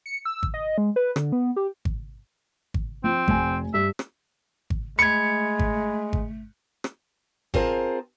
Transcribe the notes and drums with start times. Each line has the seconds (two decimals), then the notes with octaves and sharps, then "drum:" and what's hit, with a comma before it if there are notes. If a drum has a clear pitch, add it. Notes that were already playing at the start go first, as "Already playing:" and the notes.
0.06 C#7
0.25 E6
0.43 drum: kick G#1
0.54 D#5
0.78 G#3
0.96 B4
1.16 D3, drum: rim click
1.32 B3
1.56 G4
1.85 drum: kick G#1
2.74 drum: kick G#1
3.04 F3 C4
3.28 F1 G#5, drum: kick G#1
3.74 G2 E5
3.99 drum: rim click
4.70 drum: kick G#1
4.99 G#3 A3 B5 G#6 C#7
5.59 drum: kick G#1
6.13 drum: kick G#1
6.84 drum: rim click
7.54 C4 F4 G#4 A#4 C5 A5, drum: kick G#1